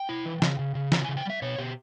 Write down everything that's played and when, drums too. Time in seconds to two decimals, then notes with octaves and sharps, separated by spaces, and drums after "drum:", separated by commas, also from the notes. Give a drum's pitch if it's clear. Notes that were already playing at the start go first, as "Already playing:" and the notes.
Already playing: G5
0.09 E4
0.26 E3
0.42 C#3, drum: snare
0.59 C#3
0.75 C#3
0.92 E3 A#5, drum: snare
1.04 C#3 G#5
1.17 G5
1.25 G3 E5
1.42 B2 C#5
1.58 B2 G4